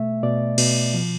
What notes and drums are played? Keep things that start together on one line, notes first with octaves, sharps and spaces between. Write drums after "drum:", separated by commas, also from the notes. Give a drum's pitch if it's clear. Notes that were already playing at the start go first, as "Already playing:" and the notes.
Already playing: B2 A3 E5
B2 D5
B2, drum: cymbal
F3